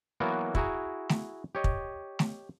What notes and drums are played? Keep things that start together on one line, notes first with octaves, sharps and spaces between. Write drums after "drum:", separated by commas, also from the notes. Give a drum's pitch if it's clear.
E3 F#3 A#3 B3 F#4 A#4
E4 F#4 G#4 A#5, drum: kick
drum: snare A3
G4 C#5 D#5
drum: kick
drum: snare A3